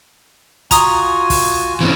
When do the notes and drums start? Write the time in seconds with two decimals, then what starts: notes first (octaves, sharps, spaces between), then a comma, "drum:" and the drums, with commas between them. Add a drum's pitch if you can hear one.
0.71 F4 F#4 G#5 A#5 D#6, drum: kick, hi-hat
1.30 drum: kick, open hi-hat
1.81 E3 C4 C#4